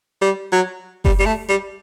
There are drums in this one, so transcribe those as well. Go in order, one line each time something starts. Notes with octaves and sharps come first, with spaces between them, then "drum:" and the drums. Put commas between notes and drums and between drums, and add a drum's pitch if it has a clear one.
G3
F#3
G3, drum: kick F#1
G3
A3
G3